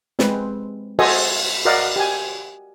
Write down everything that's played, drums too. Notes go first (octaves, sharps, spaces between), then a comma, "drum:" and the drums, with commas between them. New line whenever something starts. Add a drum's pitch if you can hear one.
G#3 C4 B4, drum: snare
F#4 A4 C5 D#5 E5 G#5, drum: cymbal
F#4 A#4 D5 D#5 F5 F#5
G4 G#5